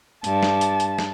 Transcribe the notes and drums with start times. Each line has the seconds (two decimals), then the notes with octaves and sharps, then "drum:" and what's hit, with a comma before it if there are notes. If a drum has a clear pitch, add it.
0.24 G2 A5, drum: hi-hat
0.43 drum: snare
0.61 drum: hi-hat
0.80 drum: hi-hat
0.98 drum: snare